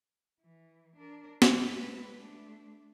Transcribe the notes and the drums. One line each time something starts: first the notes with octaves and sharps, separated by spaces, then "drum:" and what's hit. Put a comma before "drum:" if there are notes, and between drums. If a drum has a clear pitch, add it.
E3
D4 A#4
F#3 G#3, drum: snare
G#3 B4
A3 D4